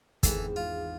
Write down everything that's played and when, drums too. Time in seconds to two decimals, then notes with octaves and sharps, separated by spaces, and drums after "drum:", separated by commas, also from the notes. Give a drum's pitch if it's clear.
0.23 G#1 E2 E3 A4, drum: kick, hi-hat
0.56 F4